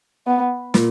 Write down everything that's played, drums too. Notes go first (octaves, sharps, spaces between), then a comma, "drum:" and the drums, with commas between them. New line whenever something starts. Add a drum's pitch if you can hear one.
B3
A#2, drum: snare